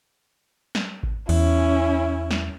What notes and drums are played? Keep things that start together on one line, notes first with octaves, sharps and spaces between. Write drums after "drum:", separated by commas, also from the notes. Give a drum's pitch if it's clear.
drum: snare
drum: kick G#1
E2 C#4 E4, drum: cymbal
drum: snare